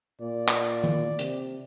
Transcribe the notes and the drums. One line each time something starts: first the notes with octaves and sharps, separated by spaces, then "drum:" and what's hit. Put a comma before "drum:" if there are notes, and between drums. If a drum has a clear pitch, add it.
A#2 D5
drum: clap
drum: tom D#3
C3, drum: hi-hat